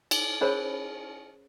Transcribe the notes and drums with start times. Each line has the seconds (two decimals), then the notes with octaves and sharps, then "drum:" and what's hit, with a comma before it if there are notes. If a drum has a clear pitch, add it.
0.11 drum: cymbal
0.41 C#4 G#4 A#4 C5 C#5 B5